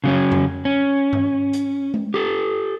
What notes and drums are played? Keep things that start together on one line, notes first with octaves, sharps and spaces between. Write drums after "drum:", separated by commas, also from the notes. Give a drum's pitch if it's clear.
C#3 F#3 C#4
drum: tom F2
C#4
drum: tom G2
drum: hi-hat
drum: tom G#3
G4 A4